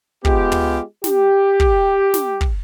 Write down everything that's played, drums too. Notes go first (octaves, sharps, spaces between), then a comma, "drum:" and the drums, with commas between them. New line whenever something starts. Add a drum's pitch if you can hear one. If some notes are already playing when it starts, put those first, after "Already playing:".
G#3 B3 F4 G4, drum: kick
drum: tom
G4, drum: snare
drum: kick
drum: snare
drum: kick